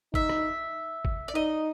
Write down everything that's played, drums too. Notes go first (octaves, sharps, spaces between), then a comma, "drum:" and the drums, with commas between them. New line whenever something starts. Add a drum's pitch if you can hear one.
D#4 E5, drum: kick G1
drum: rim click
drum: kick G1
D5
D#4 D#5